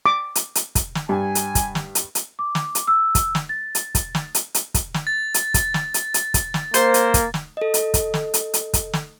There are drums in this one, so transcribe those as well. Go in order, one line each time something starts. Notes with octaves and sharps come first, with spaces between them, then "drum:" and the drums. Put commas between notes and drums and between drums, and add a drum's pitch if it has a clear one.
D6
drum: hi-hat
drum: hi-hat
drum: kick, hi-hat
drum: snare
G2 G#5
drum: hi-hat
drum: kick, hi-hat
drum: snare
drum: hi-hat
drum: hi-hat
D6
drum: snare
drum: hi-hat
E6
drum: kick, hi-hat
drum: snare
A6
drum: hi-hat
drum: kick, hi-hat
drum: snare
drum: hi-hat
drum: hi-hat
drum: kick, hi-hat
drum: snare
A6
drum: hi-hat
drum: kick, hi-hat
drum: snare
drum: hi-hat
drum: hi-hat
drum: kick, hi-hat
drum: snare
A#3 C5, drum: hi-hat
drum: hi-hat
drum: kick, hi-hat
drum: snare
A4 D#5
drum: hi-hat
drum: kick, hi-hat
drum: snare
drum: hi-hat
drum: hi-hat
drum: kick, hi-hat
drum: snare